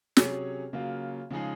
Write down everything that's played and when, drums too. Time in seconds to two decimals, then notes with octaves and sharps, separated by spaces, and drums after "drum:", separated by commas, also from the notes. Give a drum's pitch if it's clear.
0.17 C3 F#3 C#4 G#4 C#5, drum: snare
0.73 C#3 F#3 A#3 F4
1.31 C#3 F3 G#3 D#4 G#4